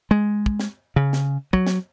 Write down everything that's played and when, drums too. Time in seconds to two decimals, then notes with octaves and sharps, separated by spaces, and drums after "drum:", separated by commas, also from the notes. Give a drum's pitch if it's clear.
0.11 G#3
0.46 drum: kick
0.60 drum: snare
0.96 C#3
1.13 drum: snare
1.53 F#3, drum: kick
1.67 drum: snare